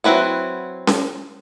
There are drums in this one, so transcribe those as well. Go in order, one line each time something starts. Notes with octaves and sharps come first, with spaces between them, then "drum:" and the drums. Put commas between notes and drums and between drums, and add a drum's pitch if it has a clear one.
F#3 C4 E4 B4 F#5
drum: snare C#4